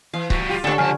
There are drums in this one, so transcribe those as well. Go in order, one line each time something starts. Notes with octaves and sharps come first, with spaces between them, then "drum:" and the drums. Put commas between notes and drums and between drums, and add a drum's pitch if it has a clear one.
E3 F5
G3 F#4, drum: kick C#1
F4 G4
G#2 D3 D4 A4 C#5
C#2 G2 F3 G#5 A5 F6